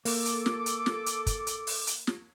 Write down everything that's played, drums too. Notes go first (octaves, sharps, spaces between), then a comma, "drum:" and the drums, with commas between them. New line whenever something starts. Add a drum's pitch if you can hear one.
A#3 A4 D6, drum: open hi-hat
drum: hi-hat
drum: snare
drum: hi-hat
drum: snare
drum: hi-hat
drum: kick, hi-hat
drum: hi-hat
drum: open hi-hat
drum: hi-hat
drum: snare